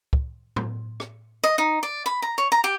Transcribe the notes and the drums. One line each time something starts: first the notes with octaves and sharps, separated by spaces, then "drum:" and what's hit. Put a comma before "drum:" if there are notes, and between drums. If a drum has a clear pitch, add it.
drum: kick
drum: tom A2
drum: rim click
D#5
D#4
D5
B5
A#5
C#5
A#5
G4